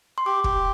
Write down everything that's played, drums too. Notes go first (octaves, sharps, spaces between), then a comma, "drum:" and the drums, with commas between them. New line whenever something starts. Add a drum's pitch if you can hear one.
C6
G4 D6
G4, drum: kick